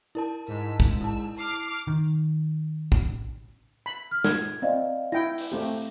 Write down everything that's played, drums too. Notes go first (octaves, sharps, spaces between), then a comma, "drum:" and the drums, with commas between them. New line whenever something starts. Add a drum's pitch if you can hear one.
E4 A#4 A5
G#2 E6 B6
drum: kick
E4 A5 E6
D6 F6 C7
D#3
drum: kick
B5
F6
G#6, drum: snare
C4 D5 D#5 F5
E4 G5 A#6
drum: open hi-hat
A3 C4 G4